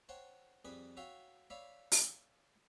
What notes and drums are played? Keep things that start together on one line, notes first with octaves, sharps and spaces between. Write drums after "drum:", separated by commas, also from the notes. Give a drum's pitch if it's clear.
C5 C#5 F#5 G5 A5
F2 G3 G#4 B4 B5
F#4 C#5 E5 F5 G5
C#5 D5 E5 F5 B5
drum: open hi-hat